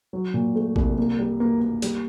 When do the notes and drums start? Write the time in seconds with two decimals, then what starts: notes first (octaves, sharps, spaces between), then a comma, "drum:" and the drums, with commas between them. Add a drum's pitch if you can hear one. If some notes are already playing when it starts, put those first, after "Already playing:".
0.13 F#3
0.34 A#2
0.55 A3
0.76 C2, drum: kick A1
0.98 A#3
1.19 G3
1.40 A#3
1.61 A#3
1.82 G3, drum: hi-hat